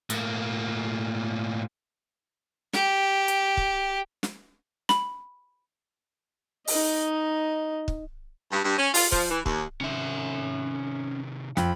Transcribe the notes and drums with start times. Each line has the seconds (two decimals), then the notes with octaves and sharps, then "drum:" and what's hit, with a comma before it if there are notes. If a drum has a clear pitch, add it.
0.10 A2 A#3, drum: hi-hat
2.73 G4, drum: snare
3.28 drum: hi-hat
3.57 drum: kick
4.23 drum: snare
4.89 B5, drum: snare
6.67 D#4 D#5, drum: open hi-hat
7.88 drum: kick
8.52 G2
8.65 G2
8.78 C#4
8.94 F4, drum: open hi-hat
9.12 F3, drum: kick
9.30 E3
9.46 D#2, drum: kick
9.81 C3 D#3 C#4 E5
11.57 F2 B5, drum: snare